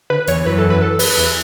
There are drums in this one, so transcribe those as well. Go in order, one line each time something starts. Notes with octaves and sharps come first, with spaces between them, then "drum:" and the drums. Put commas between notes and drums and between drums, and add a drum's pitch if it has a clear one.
D3 B4
E2 E3 C#5, drum: hi-hat
F#2 F#3 B4
A4
B4
A4
B4, drum: open hi-hat
E2 E3